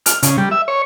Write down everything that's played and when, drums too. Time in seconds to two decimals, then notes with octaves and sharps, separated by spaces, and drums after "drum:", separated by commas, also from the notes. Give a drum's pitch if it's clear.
0.06 F6, drum: hi-hat
0.23 C#3, drum: hi-hat
0.38 G3
0.51 E5
0.68 C#5